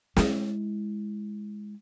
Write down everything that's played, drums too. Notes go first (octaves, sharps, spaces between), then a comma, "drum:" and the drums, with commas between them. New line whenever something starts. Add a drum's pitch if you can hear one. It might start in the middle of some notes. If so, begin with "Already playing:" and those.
G#3 E4, drum: snare